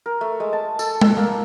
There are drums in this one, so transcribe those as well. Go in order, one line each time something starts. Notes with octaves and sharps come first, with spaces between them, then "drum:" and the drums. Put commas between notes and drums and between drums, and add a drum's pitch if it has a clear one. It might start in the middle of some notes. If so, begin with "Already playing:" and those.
A#4
A3
G#3
A5
A4, drum: tambourine
E6, drum: tom G#3
A#3